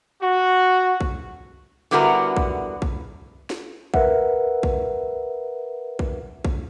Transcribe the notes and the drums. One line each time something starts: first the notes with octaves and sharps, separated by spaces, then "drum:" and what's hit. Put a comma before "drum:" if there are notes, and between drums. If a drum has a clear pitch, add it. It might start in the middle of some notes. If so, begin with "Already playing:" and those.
F#4
drum: kick A#1
D3 G3 B3 E4 F#4 A#4
drum: kick A#1
drum: kick A#1
drum: snare
A#4 B4 E5 F#5, drum: kick A#1
drum: kick A#1
drum: kick A#1
drum: kick A#1